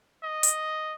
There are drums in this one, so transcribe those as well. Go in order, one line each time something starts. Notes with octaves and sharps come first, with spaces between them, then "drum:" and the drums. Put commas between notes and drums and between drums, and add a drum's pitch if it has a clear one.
D#5
drum: hi-hat